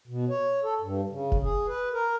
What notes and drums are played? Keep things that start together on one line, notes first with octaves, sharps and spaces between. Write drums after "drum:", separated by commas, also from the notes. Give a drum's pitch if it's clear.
B2
C#5
A4
G2
C#3
drum: kick F1
G#4
B4
A#4